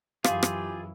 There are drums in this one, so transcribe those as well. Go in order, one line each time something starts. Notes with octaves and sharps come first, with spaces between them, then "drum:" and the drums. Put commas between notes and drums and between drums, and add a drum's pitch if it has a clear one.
F#2 E3 F4 G4 G#4 F5, drum: rim click
drum: rim click